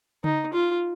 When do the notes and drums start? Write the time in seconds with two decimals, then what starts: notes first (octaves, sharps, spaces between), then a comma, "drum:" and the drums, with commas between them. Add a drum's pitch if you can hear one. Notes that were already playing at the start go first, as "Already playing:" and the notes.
0.24 D#4, drum: tom C#3
0.53 F4